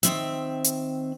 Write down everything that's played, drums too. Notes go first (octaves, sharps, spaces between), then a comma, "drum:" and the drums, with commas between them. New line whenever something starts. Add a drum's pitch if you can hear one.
D#3 C4 E5, drum: hi-hat
drum: hi-hat